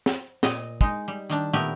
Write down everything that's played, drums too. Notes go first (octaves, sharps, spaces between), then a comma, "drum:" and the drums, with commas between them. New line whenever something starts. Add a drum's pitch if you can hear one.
drum: snare
A#2 D#5, drum: snare
G#3 D#4, drum: kick
G3
D#3 G3 D4
A#2 D#3 A3 B3 G4 A#4